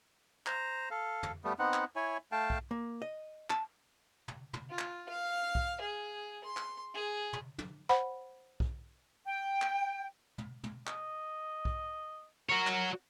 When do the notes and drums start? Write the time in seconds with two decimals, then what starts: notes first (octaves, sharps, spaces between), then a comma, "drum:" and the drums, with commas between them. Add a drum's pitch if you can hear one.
0.46 C5 A#5, drum: clap
0.90 A4 F5
1.23 drum: tom
1.44 G3 A3 B3
1.59 B3 C4 D#4 F#5
1.74 drum: clap
1.96 E4 C#5 G#5
2.32 A3 F5 G5 A5
2.50 drum: kick B1
2.71 A#3
3.02 D#5
3.50 A5, drum: clap
4.28 drum: tom
4.53 drum: tom
4.70 F4
4.79 drum: clap
5.09 F5
5.55 drum: kick B1
5.81 G#4
6.44 C6
6.57 drum: clap
6.95 G#4
7.33 drum: tom
7.58 drum: tom
7.89 C5 F#5 B5
8.60 drum: kick B1
9.25 G5
9.62 drum: clap
10.38 drum: tom
10.64 drum: tom
10.87 D#5, drum: clap
11.65 drum: kick B1
12.49 F#4 A#4 C#5
12.67 drum: clap